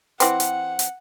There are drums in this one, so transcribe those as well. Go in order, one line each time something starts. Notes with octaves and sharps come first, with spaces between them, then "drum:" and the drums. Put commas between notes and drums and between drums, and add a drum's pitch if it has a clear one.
E3 C4 F#5, drum: hi-hat
drum: hi-hat
drum: hi-hat